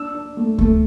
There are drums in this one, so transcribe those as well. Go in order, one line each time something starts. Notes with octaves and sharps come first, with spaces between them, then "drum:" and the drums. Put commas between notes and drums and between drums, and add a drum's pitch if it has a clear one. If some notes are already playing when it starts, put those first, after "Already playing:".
Already playing: D4 E6
D4
A3
A3, drum: kick C#2